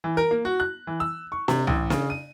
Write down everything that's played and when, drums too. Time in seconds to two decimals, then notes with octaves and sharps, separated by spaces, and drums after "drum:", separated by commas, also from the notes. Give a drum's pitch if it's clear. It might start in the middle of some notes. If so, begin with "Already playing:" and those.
0.04 E3
0.17 A#4
0.31 A#3
0.45 F#4
0.60 F#6
0.87 E3
1.00 E6
1.32 C#6
1.48 C3, drum: snare
1.67 A1, drum: tom C2
1.90 C#3, drum: snare
2.10 D#7